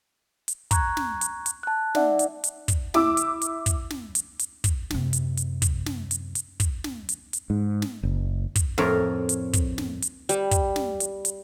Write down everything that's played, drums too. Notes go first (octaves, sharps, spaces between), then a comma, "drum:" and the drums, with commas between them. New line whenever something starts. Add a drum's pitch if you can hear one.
drum: hi-hat
A#5 C#6 F#6 G#6, drum: kick, hi-hat
drum: snare
drum: hi-hat
drum: hi-hat
A5 F#6
D#4 D5 E5 F#5, drum: snare
drum: hi-hat
drum: hi-hat
drum: kick, hi-hat
E4 D6 E6, drum: snare
drum: hi-hat
drum: hi-hat
drum: kick, hi-hat
drum: snare
drum: hi-hat
drum: hi-hat
drum: kick, hi-hat
F#2 C3, drum: snare
drum: hi-hat
drum: hi-hat
drum: kick, hi-hat
drum: snare
drum: hi-hat
drum: hi-hat
drum: kick, hi-hat
drum: snare
drum: hi-hat
drum: hi-hat
G#2
drum: snare
F#1
drum: kick, hi-hat
F2 A2 A#4 C#5 A#5, drum: snare
drum: hi-hat
drum: kick, hi-hat
drum: snare
drum: hi-hat
G3, drum: hi-hat
drum: kick, hi-hat
drum: snare
drum: hi-hat
drum: hi-hat